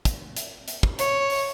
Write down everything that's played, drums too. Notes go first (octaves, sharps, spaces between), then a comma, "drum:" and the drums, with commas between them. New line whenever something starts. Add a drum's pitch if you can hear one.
drum: kick, hi-hat
drum: hi-hat
drum: hi-hat
drum: kick
C#5, drum: hi-hat
drum: open hi-hat